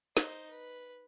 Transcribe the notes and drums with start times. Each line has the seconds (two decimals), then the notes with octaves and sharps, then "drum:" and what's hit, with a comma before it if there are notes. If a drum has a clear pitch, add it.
0.17 D#4 C5, drum: snare
0.50 B4